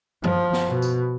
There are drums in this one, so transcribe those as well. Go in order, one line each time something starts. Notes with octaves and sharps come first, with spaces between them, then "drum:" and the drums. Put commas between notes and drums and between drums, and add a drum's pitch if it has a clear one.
F3, drum: tom F#2
drum: snare
B2
drum: tambourine